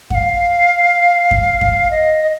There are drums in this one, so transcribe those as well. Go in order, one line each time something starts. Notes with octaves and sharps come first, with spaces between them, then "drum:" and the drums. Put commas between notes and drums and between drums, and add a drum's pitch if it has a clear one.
F#5, drum: kick F#2
F5
drum: kick F#2
drum: kick F#2
D#5
D#5